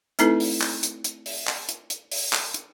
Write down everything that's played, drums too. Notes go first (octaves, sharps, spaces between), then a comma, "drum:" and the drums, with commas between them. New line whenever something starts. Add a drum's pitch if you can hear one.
A3 C4 D#4 E4 A4 B4, drum: hi-hat
drum: open hi-hat
drum: clap
drum: hi-hat
drum: hi-hat
drum: open hi-hat
drum: clap
drum: hi-hat
drum: hi-hat
drum: open hi-hat
drum: clap
drum: hi-hat